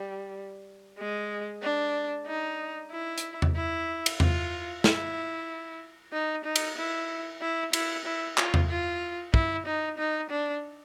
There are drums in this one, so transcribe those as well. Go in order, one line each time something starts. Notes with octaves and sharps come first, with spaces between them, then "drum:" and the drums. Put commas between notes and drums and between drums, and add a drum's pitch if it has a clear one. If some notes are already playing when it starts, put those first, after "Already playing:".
Already playing: G3
G#3
D4
D#4
E4
drum: hi-hat
drum: tom E2
E4
drum: cymbal
F4, drum: tom E2
E4, drum: snare
D#4
D#4
drum: cymbal
E4
E4
E4, drum: cymbal
E4
F4, drum: clap
drum: tom E2
F4
E4, drum: kick
D#4
D#4
D4